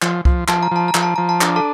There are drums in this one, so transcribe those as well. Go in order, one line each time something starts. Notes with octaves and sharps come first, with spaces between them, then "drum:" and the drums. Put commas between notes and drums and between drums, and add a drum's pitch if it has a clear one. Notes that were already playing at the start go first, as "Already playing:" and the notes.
F3, drum: clap
F3, drum: kick C2
F3 A5, drum: clap
A#5
F3 A5
A#5
F3, drum: clap
A5
F3 A#5
A5
D4 A#5, drum: clap
A4 A5